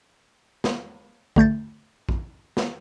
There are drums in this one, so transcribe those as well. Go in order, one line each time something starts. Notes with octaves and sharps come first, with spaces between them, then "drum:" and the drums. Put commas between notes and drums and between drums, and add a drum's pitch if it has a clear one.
drum: snare
D3 A3 G6 A6, drum: kick
drum: kick
drum: snare